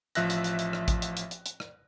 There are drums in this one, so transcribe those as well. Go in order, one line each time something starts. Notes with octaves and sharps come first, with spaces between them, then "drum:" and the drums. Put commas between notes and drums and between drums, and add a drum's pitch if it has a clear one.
A1 F3 E5 F#6 A#6, drum: hi-hat
drum: hi-hat
drum: hi-hat
drum: hi-hat
drum: rim click
drum: kick A1, hi-hat
drum: hi-hat
drum: hi-hat
drum: hi-hat
drum: hi-hat
drum: rim click